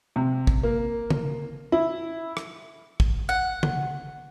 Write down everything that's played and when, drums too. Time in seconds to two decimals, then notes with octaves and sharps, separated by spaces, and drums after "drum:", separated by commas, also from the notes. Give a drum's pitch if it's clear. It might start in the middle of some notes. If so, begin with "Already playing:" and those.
0.16 C3
0.47 drum: kick
0.63 A#3
1.10 drum: tom C#3
1.72 E4
2.37 drum: rim click
3.00 drum: kick
3.29 F#5
3.63 drum: tom C#3